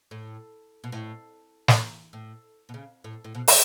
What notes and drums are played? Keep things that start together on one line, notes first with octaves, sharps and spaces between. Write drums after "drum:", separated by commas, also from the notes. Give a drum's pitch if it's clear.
A2
B2
A2
drum: snare
A2
B2
C#3
A2
A2
B2
E3, drum: open hi-hat